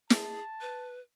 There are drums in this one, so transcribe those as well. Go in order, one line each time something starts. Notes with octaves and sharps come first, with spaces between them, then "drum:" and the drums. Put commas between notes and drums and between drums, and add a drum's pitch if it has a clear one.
G#4 A5, drum: snare
B4